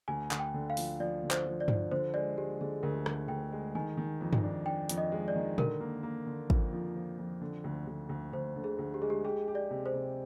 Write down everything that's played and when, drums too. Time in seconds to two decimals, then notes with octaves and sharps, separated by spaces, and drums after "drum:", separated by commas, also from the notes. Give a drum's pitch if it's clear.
0.08 D2 G#5
0.31 D2, drum: clap
0.39 G5
0.54 D3
0.70 F5
0.77 F3, drum: open hi-hat
1.00 F3 D5
1.23 D3
1.31 C5, drum: clap
1.46 F3
1.60 D5
1.68 F3, drum: tom G2
1.92 D3 C5
2.14 G#3 D5
2.37 G#3 G4
2.61 D3 G#4
2.83 D2 A#4
3.06 D2, drum: rim click
3.28 D2 G5
3.52 G#3
3.75 D#3 G#5
3.97 D#3
4.21 F2
4.33 drum: tom G2
4.43 D4
4.66 D4 G5
4.89 F2, drum: hi-hat
4.98 D#5
5.12 G#3
5.28 D5
5.35 D#3
5.58 D3 A#4, drum: tom
5.80 A#3
6.03 A#3
6.27 D3
6.50 F2, drum: kick
6.73 F3
6.96 F3
7.18 F2
7.41 D3
7.64 D2
7.87 D2
8.09 D2
8.33 D2 C5
8.56 D3
8.64 G#4
8.79 D2
8.94 G4
9.02 G#3 G#4
9.10 G4
9.24 G4 G#4
9.48 G4
9.55 D5
9.71 C3
9.86 C5
9.93 C3